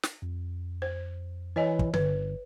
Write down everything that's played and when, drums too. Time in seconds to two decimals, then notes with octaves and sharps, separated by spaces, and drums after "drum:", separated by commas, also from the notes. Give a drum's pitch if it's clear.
0.03 drum: snare
0.22 F2
0.82 C5
1.56 E3 C#5 D#5 G#5
1.79 drum: kick
1.94 G1 B4, drum: tom D3